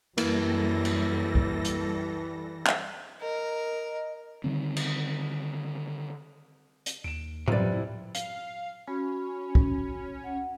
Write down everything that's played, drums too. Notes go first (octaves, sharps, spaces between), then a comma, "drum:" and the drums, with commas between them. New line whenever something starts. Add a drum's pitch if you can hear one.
F#2 E3 G3 A#3 A4 A#6, drum: cymbal
drum: cymbal
drum: kick
drum: hi-hat
drum: clap
A#4 D#5
D3 D#3 G3 C4
drum: cymbal
drum: hi-hat
D#2 D7 E7
G2 C3 F4 B4 D5, drum: tom A2
A2 E4
F5, drum: hi-hat
C#4 F#4 B5
drum: kick
F#5